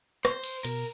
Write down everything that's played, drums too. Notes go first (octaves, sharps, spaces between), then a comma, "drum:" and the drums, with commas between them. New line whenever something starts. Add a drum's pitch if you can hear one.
C5, drum: rim click
drum: cymbal
B2 A#4, drum: cymbal